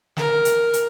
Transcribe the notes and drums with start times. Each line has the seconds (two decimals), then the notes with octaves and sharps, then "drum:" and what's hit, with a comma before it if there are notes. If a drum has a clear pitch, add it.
0.17 A#4, drum: snare
0.45 drum: hi-hat
0.73 drum: hi-hat